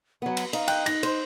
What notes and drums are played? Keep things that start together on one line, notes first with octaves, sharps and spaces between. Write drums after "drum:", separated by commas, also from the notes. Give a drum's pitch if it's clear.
F#3 B3 F#5
drum: cymbal
D#4 F5, drum: cymbal
G5 F#6, drum: cymbal
D#4 A#6, drum: cymbal
C5, drum: cymbal